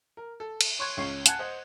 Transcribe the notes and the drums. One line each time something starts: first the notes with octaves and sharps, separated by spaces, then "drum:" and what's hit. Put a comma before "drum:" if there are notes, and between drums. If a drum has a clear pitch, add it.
A#4
A4
drum: cymbal
C#5 C6 C#6 F#6 G#6
C#2 C#4 C#6 C7
F#5 G#5 A5 F#6 G#6, drum: hi-hat
C5 D#5 F#5